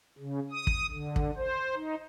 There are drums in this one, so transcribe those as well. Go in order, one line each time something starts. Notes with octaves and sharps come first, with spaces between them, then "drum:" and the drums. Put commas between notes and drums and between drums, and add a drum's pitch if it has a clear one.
C#3
D#6
drum: kick
D3
drum: kick
C5
D#4